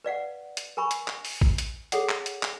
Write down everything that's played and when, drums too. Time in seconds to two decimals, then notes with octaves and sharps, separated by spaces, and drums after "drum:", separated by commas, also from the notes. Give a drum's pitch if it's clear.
0.04 B4 D5 F5 F#5
0.57 drum: hi-hat
0.77 A#4 G#5 B5 C#6
0.91 drum: hi-hat
1.08 drum: clap
1.25 drum: open hi-hat
1.41 drum: kick A1
1.58 drum: hi-hat
1.92 G#4 A4 C#5 F#5, drum: hi-hat
2.09 drum: clap
2.26 drum: hi-hat
2.43 drum: clap